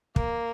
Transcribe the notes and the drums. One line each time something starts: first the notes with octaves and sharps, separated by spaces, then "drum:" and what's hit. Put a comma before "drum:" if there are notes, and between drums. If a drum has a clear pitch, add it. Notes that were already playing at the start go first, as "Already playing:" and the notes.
A#3, drum: kick